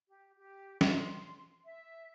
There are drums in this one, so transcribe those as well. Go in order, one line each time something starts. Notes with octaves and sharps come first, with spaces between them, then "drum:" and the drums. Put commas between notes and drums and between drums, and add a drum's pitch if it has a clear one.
G4
G4
C6, drum: snare
E5